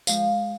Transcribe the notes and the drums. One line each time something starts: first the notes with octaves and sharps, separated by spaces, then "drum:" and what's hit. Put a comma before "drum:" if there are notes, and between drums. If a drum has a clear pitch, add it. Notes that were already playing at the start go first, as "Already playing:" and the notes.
F3 G#3 F5, drum: tambourine